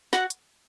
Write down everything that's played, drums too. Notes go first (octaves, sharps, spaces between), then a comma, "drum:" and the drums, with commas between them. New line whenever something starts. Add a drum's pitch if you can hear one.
F#4 F#5, drum: snare
drum: hi-hat